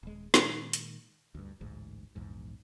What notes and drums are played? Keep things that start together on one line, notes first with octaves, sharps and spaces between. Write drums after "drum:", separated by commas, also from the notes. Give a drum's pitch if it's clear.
D#1 G#3
A#2 D#3 G#3, drum: snare
drum: hi-hat
D2 G2
A1 D2 G#2
A#1 E2 G#2